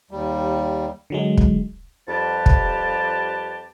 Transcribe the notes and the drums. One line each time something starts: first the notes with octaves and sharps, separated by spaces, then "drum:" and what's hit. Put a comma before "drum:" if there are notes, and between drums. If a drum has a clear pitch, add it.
D#2 G3
D3 F#3 G#3
drum: kick
F2 F3 G3 G4 B4 A5
drum: kick